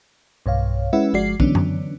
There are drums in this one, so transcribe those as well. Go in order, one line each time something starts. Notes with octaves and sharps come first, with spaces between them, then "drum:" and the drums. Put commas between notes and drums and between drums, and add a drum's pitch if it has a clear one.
B1 G2 C#5 F5
G#3 C#4 E4 B4 E5 F#5
G1 F3 G#3 F#4 D5 C7
D3 E3 F#3 B3 C#4 D4, drum: kick
drum: tom F#2